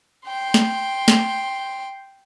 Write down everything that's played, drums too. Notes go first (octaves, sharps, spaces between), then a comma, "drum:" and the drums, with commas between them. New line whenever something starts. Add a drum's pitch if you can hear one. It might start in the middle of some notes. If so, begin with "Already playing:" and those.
G5 C6
drum: snare
drum: snare